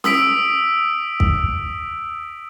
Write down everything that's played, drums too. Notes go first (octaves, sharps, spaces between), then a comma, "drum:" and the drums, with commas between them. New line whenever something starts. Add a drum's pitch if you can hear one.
D#6 E6 B6 D7, drum: snare C#4
drum: kick